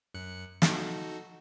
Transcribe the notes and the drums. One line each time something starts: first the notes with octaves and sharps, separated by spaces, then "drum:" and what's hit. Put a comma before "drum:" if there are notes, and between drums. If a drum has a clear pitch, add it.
F#2 F#6 C#7
D#4 F#4 A4, drum: snare